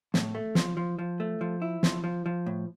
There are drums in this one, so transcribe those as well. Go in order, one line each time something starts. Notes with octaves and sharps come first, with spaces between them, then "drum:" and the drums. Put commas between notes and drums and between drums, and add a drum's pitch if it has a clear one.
A2, drum: snare
A3
F3, drum: snare
F3
F3
A3
F3
E4
F3, drum: snare
F3
F3
A2